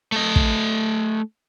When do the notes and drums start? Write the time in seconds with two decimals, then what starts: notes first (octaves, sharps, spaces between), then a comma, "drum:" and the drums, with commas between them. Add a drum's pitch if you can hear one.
0.12 A3 D#5
0.36 drum: kick